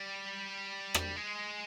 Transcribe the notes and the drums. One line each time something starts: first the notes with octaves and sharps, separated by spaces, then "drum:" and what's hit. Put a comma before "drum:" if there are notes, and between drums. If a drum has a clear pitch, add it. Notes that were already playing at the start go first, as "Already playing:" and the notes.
Already playing: G3
drum: rim click
G#3